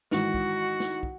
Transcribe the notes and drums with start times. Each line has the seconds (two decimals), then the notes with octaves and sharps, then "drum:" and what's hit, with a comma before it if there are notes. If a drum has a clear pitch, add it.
0.11 G#2 D#3 E3 F#4, drum: snare
0.34 drum: kick
0.80 drum: snare
1.03 drum: kick